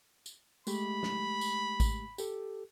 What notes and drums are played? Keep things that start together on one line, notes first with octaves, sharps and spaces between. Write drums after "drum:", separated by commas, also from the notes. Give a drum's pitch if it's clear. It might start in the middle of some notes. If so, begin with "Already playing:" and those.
drum: tambourine
G#3 A3 G4 B5, drum: tambourine
drum: snare
drum: tambourine
drum: kick A1, tambourine
G4 A4, drum: tambourine